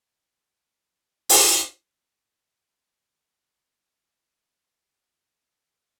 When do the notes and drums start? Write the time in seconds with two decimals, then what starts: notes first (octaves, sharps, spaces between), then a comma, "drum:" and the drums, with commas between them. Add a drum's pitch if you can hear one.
0.13 B4 C5 F5 A5
1.29 drum: open hi-hat
3.20 D6
3.72 A#5
3.99 C4
4.28 C6
4.75 C#4
5.32 D5
5.84 G5